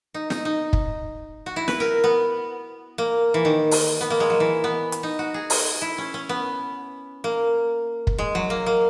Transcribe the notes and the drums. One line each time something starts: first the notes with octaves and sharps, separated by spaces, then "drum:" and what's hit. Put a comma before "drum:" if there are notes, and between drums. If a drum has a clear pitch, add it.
D#4
D#4, drum: snare
D#4
drum: kick
F#4
E4
B4, drum: snare
A#4
B3
A#3
E3
D#3
drum: open hi-hat
B3
A#3
G#3
F#3
E3
B3
drum: hi-hat
D#4
F#4
G#4
drum: open hi-hat
E4
C#4
C#4
B3
A#3
drum: kick
G#3
F#3
A#3
A#3